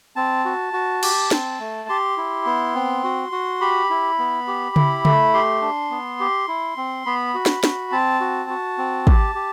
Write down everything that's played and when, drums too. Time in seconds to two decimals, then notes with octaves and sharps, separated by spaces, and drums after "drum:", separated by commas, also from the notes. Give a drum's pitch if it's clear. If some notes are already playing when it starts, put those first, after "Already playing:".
0.16 C4 A5
0.45 F#4
0.73 F#4
1.03 G4, drum: cymbal
1.31 C4, drum: snare
1.60 A3
1.89 G4 C6
2.18 E4
2.46 B3
2.75 C4
3.04 F#4
3.32 F#4
3.61 G4 B5
3.90 E4
4.19 B3
4.48 G4
4.76 E4, drum: tom C#3
5.05 A3, drum: tom C#3
5.34 G4 C6
5.62 D4
5.90 B3
6.20 G4
6.48 E4
6.77 C4
7.06 B3 B5
7.34 F#4
7.46 drum: snare
7.64 F#4, drum: snare
7.92 C4 A5
8.21 F#4
8.50 F#4
8.78 C4
9.07 G4, drum: kick
9.35 G4